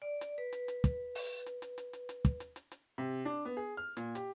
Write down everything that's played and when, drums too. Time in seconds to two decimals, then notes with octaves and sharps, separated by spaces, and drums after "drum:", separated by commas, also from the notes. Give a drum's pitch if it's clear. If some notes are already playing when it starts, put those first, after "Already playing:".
0.02 D5
0.21 drum: hi-hat
0.38 B4
0.53 drum: hi-hat
0.68 drum: hi-hat
0.84 drum: kick, hi-hat
1.15 drum: open hi-hat
1.46 drum: hi-hat
1.62 drum: hi-hat
1.78 drum: hi-hat
1.93 drum: hi-hat
2.09 drum: hi-hat
2.25 drum: kick, hi-hat
2.40 drum: hi-hat
2.56 drum: hi-hat
2.72 drum: hi-hat
2.98 C3
3.25 D4
3.45 B3
3.57 G#4
3.77 F6
3.97 A#2, drum: hi-hat
4.15 G4, drum: hi-hat